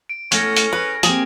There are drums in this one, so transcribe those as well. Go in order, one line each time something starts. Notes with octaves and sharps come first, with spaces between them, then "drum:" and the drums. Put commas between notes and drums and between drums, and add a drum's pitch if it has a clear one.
D7
A2 A3 B3 C#4 F6 G#6 A#6, drum: hi-hat
drum: hi-hat
G#4 B4
A#3 C4 G4 G#4, drum: hi-hat